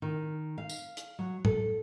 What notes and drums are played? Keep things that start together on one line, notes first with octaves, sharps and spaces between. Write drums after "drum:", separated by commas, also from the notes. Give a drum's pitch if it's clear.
D#3
F5
drum: tambourine
drum: hi-hat
F#3
A4, drum: tom A2